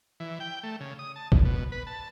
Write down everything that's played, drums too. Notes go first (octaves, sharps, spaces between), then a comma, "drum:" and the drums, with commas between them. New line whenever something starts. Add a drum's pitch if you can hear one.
E3
G5
A3
C#3
D#6
A5
E2, drum: kick B1
B2
B4
A5